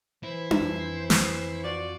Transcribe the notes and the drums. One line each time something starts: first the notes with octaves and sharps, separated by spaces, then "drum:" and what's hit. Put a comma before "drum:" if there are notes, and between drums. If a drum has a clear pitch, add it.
E3 E4 C5
drum: tom D4
F2
drum: snare
F4 F#4 D5